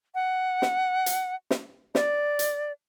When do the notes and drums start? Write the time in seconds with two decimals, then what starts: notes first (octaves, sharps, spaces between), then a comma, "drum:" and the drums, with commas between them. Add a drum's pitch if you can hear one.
0.15 F#5
0.62 drum: snare
1.06 drum: hi-hat
1.50 drum: snare
1.95 D5, drum: snare
2.39 drum: hi-hat